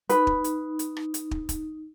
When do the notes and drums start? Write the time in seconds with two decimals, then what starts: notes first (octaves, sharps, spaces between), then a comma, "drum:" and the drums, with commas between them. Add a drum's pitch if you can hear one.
0.10 D#4 B4, drum: hi-hat
0.27 drum: kick
0.44 drum: hi-hat
0.79 drum: hi-hat
0.97 drum: rim click
1.14 drum: hi-hat
1.31 drum: kick
1.49 drum: kick, hi-hat